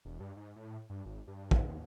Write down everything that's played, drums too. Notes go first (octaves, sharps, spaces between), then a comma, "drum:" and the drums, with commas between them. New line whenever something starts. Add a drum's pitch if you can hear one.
E1
G2
G#2
A2
G2
G#1
G2
drum: kick
D#2